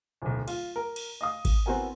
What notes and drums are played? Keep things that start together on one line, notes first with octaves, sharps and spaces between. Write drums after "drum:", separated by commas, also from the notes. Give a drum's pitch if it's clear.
D1 B1
F4, drum: cymbal
A#4
drum: cymbal
D#5 F5 D#6
drum: kick G#1, cymbal
B3 C4 E4 F#4 A#4 G#5